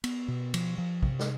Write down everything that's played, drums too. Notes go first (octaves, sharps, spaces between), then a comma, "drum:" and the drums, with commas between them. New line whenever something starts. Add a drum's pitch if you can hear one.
B3, drum: cymbal
B2
F3, drum: cymbal
F3
C3, drum: kick
drum: snare